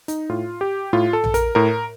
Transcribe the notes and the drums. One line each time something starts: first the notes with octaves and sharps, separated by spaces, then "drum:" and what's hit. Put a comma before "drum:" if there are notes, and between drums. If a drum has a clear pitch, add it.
D#4, drum: hi-hat
A2 F4
G4
A2 F4
A4
drum: tom A#1
A#4, drum: hi-hat
A2 A#4